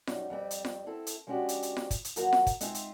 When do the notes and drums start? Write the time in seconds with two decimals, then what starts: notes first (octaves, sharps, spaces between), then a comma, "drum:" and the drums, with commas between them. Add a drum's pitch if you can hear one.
0.07 F#2 G3 D#4, drum: snare F4
0.30 F2 G3 C4
0.51 drum: hi-hat
0.65 drum: snare F4
0.86 C4 E4 A4
1.07 drum: hi-hat
1.27 F3 G#3 C#4 D4 F#4 G4
1.49 drum: hi-hat
1.63 drum: hi-hat
1.77 drum: snare F4
1.91 drum: kick, hi-hat
2.05 drum: hi-hat
2.16 D#2 F3 F#3 F#4 A#4, drum: hi-hat
2.33 drum: snare F4
2.47 drum: kick, hi-hat
2.61 G#3 C4 D#4 F4 E5 F5, drum: hi-hat
2.75 drum: hi-hat